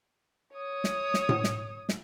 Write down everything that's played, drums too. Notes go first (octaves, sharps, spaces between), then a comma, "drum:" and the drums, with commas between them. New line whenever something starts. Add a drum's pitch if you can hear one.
C#5 D#6
drum: snare
drum: snare
drum: tom A2
drum: snare
drum: snare